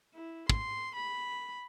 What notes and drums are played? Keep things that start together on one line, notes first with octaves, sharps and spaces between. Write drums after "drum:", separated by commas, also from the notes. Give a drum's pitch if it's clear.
E4
C6, drum: kick
B5